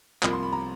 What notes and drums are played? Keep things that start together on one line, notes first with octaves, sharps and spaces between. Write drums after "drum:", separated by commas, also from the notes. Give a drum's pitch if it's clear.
C2 C3 F3 A#3 B5, drum: clap
C6
B5
A#5